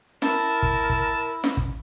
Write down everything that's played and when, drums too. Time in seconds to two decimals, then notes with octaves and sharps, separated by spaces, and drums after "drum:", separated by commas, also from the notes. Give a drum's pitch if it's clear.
0.22 E4 A#4 A5, drum: snare
0.62 drum: kick
0.90 drum: kick
1.44 drum: snare
1.57 drum: kick